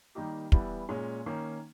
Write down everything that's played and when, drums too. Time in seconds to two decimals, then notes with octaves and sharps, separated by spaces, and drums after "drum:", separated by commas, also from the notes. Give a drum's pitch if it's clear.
0.15 D#3 G3 A#3 D#4 G4
0.52 E3 G3 B3 E4, drum: kick
0.89 A#2 G#3 C#4
1.26 D#3 A#3 C#4